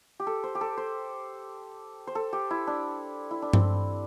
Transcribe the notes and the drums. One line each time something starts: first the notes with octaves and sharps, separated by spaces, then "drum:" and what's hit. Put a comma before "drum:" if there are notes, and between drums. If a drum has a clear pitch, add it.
G4
A4
C5
G4
A4
C5
C5
A4
G4
E4
D4
E4
D4
C4, drum: tom G2